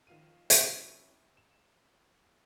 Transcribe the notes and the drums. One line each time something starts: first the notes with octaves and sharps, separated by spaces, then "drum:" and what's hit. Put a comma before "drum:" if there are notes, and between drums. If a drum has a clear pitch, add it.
D#3 F3 F5 D#7
drum: hi-hat
C3 F#3 C#4 E4 B4
E7